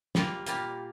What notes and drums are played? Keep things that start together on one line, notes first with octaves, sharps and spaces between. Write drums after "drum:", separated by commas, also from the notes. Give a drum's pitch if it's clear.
G3 A#3 F4, drum: snare
A#2 G3 A#3 F4, drum: hi-hat